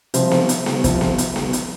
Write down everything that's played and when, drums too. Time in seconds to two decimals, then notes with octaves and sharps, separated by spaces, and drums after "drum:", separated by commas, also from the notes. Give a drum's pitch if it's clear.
0.14 C3 F3 C4 F4, drum: hi-hat
0.31 drum: snare B3
0.49 drum: hi-hat
0.66 drum: snare B3
0.84 C3 F3 C4 F4, drum: kick, hi-hat
1.01 drum: snare B3
1.18 drum: hi-hat
1.36 drum: snare B3
1.53 drum: hi-hat